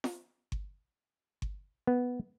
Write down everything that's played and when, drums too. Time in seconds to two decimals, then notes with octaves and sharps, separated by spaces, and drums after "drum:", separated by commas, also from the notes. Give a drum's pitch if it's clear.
0.04 drum: snare
0.52 drum: kick G1
1.42 drum: kick G1
1.87 B3